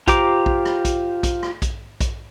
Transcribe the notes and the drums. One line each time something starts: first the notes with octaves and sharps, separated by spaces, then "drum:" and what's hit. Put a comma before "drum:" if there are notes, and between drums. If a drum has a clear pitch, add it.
F4 G4 C5 A#5 D6, drum: kick A#1, hi-hat
drum: kick A#1
drum: rim click
drum: kick A#1, hi-hat
drum: kick A#1, hi-hat
drum: rim click
drum: kick A#1, hi-hat
drum: kick A#1, hi-hat